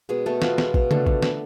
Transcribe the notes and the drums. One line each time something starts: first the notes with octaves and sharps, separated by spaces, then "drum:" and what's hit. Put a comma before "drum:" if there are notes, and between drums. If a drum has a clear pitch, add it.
B2 G#3 G#4
B2 A3 A4
B3 F4 F5, drum: snare
G#3, drum: snare
B2, drum: kick
D3 A3 A4, drum: tom C#3
D3, drum: kick
A3, drum: snare